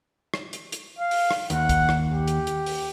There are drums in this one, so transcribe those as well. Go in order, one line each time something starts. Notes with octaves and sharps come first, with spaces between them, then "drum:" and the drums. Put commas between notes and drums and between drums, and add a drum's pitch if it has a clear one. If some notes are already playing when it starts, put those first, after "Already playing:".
drum: rim click
drum: hi-hat
drum: hi-hat
F5
drum: open hi-hat
drum: rim click
D#2 F#5, drum: hi-hat
drum: kick, hi-hat
drum: rim click
G4
drum: hi-hat
drum: hi-hat
drum: open hi-hat